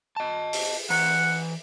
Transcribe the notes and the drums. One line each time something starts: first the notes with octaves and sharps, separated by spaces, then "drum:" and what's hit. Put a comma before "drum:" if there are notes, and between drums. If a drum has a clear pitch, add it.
D#5 A5
drum: open hi-hat
E3 F#5 A#5, drum: open hi-hat